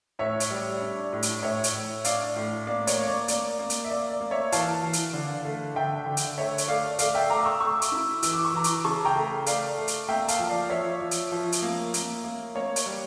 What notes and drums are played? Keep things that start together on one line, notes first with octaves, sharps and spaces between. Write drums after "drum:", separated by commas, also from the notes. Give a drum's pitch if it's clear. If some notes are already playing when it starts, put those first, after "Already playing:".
A2 C#5 E5
drum: hi-hat
G3
D4
A2
drum: hi-hat
A2 C#5 E5
drum: hi-hat
A2
D4 D5 F5, drum: hi-hat
A2
A#3 D5
C#5, drum: hi-hat
A#3
D5
A#3 D5, drum: hi-hat
A#3
drum: hi-hat
E5
A#3 D5
D5
A#3
C#5 E5
E3 F5 A5, drum: hi-hat
E3
drum: hi-hat
D3
A3
D3 E5 G5
D3
drum: hi-hat
A3 C#5 E5
drum: hi-hat
A3 D5 F5
A3 D5 F5, drum: hi-hat
E5 G5
A3 A#5 D6
C#6 E6
A3 C#6 E6
drum: hi-hat
E4
E3 E6, drum: hi-hat
D6
C#6
E3 A#5 D6
drum: hi-hat
C#3 A5 C#6
G5 A#5
A3
A3 D5 F5, drum: hi-hat
A3
drum: hi-hat
A#3 E5 G5
F5 A5, drum: hi-hat
F3
D5 F5
F3 C#5 E5
F3
drum: hi-hat
F3
drum: hi-hat
A#3
A#3, drum: hi-hat
A#3
A#3 C#5
drum: hi-hat
G3